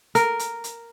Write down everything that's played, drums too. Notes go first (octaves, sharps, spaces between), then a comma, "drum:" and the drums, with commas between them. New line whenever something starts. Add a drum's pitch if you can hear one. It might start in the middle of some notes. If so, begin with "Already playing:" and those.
A#4, drum: hi-hat
drum: hi-hat
drum: hi-hat